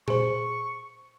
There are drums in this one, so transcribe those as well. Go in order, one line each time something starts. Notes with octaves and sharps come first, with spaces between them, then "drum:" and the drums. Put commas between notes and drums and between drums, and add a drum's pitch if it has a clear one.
G#4 C5 C#6, drum: tom A#2